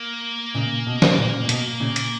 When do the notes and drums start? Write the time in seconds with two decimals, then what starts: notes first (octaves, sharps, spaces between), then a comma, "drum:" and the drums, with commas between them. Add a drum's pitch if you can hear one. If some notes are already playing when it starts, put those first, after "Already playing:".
Already playing: A#3
0.55 A#2 C#3
0.87 B2
1.02 drum: snare
1.18 A#2 C#3
1.44 A#2
1.49 B2, drum: hi-hat
1.80 A#2 C#3
1.96 drum: hi-hat